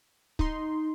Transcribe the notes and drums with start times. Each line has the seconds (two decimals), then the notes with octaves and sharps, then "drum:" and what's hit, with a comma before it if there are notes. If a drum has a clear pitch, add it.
0.39 D#4 C6, drum: kick